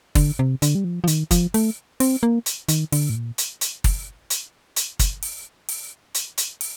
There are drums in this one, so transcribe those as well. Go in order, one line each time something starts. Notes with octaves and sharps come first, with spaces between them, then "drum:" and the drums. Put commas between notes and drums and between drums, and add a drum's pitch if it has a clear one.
D3, drum: kick, open hi-hat
C3
D3, drum: hi-hat
G3
F3
F3
D#3, drum: hi-hat
F3, drum: kick, hi-hat
A3, drum: open hi-hat
C4, drum: open hi-hat
A#3
drum: hi-hat
D#3, drum: hi-hat
D3, drum: open hi-hat
A2
A#2
drum: hi-hat
drum: hi-hat
drum: kick, open hi-hat
drum: hi-hat
drum: hi-hat
drum: kick, hi-hat
drum: open hi-hat
drum: open hi-hat
drum: hi-hat
drum: hi-hat
drum: open hi-hat